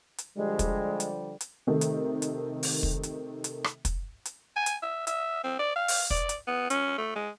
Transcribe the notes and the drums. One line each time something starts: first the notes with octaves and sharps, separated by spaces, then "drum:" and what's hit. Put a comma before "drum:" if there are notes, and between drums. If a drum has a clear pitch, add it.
drum: hi-hat
D3 F3 G3 G#3
drum: kick, hi-hat
drum: hi-hat
drum: hi-hat
C3 D#3 A3
drum: hi-hat
drum: hi-hat
drum: open hi-hat
drum: kick
drum: hi-hat
drum: hi-hat
drum: rim click
drum: kick, hi-hat
drum: hi-hat
G#5
drum: hi-hat
E5
E5, drum: hi-hat
C4
D5
F5
drum: open hi-hat
D5, drum: kick
drum: hi-hat
B3
C#4, drum: hi-hat
A3
G#3